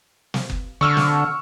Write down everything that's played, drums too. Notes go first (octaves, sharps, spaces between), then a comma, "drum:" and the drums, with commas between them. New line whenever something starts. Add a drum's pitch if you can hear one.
drum: snare
drum: kick F#1
D3 C#6 E6 F6
drum: snare